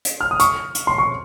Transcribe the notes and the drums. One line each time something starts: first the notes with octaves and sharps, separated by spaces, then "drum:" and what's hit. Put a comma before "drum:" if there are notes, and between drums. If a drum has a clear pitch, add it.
drum: hi-hat
F6
D#6
C#6, drum: hi-hat
drum: hi-hat
C6
C#6